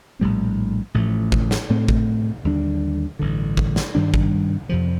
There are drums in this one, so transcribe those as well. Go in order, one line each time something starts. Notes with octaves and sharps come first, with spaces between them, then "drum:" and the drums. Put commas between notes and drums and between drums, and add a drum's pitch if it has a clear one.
A#1 A2 G3 C4
A1 A2 F3 A3
drum: kick G#1
drum: snare
A2 A3 C4
drum: kick G#1
D#2 D3 G3 D4
A1 G2 D3
drum: kick G#1
drum: snare
G2 D#3 G3 D4
drum: kick G#1
F2 C3 F3